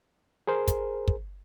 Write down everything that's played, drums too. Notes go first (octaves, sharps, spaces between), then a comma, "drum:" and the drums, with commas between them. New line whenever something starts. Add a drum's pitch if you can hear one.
G#4 A#4 C5
drum: kick, hi-hat
drum: kick